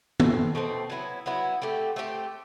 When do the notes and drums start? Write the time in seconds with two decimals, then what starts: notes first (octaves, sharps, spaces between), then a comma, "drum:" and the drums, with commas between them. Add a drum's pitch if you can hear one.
0.20 B2 A3 C4, drum: tom D#3
0.55 B2 A3 C4
0.90 F#3 B3 E4
1.26 F#3 B3 E4
1.62 A3 C4 G4
1.96 A3 C4 G4